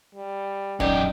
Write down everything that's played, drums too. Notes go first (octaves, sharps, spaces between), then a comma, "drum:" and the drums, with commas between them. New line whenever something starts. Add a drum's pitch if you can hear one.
G3
F#2 C#4 D#4 G4 D5, drum: kick D#1